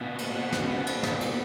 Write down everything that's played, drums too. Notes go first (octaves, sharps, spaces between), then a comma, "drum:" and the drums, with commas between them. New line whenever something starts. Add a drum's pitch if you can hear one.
A#2 B3
drum: cymbal
A#2 B3
drum: snare
C#4
A#2 B3
drum: cymbal
A#2, drum: snare
drum: cymbal